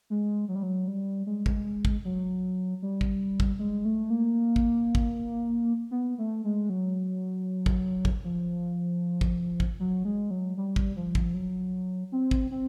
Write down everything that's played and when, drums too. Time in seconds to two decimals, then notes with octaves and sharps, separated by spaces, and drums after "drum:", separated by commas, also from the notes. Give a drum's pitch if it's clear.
0.10 G#3
0.48 F#3
0.55 G3
0.63 F#3
0.88 G3
1.26 G#3
1.46 drum: kick
1.85 drum: kick
2.04 F#3
2.82 G3
3.01 drum: kick
3.40 drum: kick
3.59 G#3
3.85 A3
4.10 A#3
4.56 drum: kick
4.95 drum: kick
5.91 B3
6.18 A3
6.44 G#3
6.70 F#3
7.66 drum: kick
8.05 drum: kick
8.24 F3
9.21 drum: kick
9.60 drum: kick
9.80 F#3
10.05 G#3
10.31 F#3
10.57 G3
10.76 drum: kick
10.96 F3
11.15 drum: kick
11.34 F#3
12.12 C4
12.31 drum: kick
12.51 C4